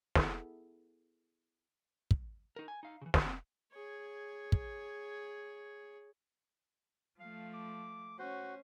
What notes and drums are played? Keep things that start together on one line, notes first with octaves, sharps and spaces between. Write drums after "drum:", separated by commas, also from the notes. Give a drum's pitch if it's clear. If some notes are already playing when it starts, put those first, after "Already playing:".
B3 E4 G#4 A4, drum: snare
drum: kick
D#4 A#4
G#5
D#4 F5
C#3 E3
F#4, drum: snare
C4
G#4 C#5
drum: kick
F3 A3 F5
D6
C#4 F#4 C5